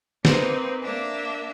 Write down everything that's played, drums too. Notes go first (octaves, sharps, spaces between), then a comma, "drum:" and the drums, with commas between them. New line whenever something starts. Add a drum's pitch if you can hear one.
A#3 C4 D#4 B4, drum: snare
A#3 D4 E5